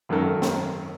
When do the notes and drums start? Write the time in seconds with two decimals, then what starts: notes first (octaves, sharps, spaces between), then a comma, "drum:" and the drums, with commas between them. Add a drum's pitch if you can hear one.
0.09 G#1 F#2 D#3 A4 A#4
0.42 drum: snare